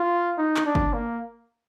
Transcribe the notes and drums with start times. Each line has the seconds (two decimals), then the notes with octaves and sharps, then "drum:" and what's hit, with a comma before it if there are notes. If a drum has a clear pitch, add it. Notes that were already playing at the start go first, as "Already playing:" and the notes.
Already playing: F4
0.38 D#4
0.56 drum: clap
0.66 D4
0.75 drum: kick
0.93 A#3